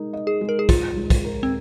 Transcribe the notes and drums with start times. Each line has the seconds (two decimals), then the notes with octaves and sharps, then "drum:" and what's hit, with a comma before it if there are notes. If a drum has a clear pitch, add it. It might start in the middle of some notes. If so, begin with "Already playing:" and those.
Already playing: G#3 D#4 A#4
0.13 D#5
0.27 G#4
0.41 G#3
0.49 A#4
0.59 G#4
0.69 G#3 F4, drum: kick, hi-hat
0.97 G#3
1.10 drum: kick, hi-hat
1.24 A#4
1.43 C4